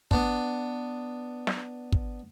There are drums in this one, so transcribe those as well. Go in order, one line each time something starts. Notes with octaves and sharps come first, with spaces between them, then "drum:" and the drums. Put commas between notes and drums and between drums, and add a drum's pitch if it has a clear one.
B3 D4, drum: kick
drum: snare
drum: kick